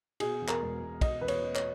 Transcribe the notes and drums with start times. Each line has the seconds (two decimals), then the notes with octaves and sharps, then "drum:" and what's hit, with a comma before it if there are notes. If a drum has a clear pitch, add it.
0.20 B2 G#4, drum: cymbal
0.42 E2
0.48 A#4, drum: clap
0.62 E1
0.81 E1
1.01 B2 D#5, drum: kick, cymbal
1.21 E2 B4
1.28 C#5, drum: cymbal
1.42 E2
1.55 C#5, drum: clap